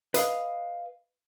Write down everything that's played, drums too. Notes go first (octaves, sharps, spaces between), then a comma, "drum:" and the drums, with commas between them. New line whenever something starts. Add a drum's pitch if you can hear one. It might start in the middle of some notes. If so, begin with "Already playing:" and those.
B4 D#5 F5, drum: hi-hat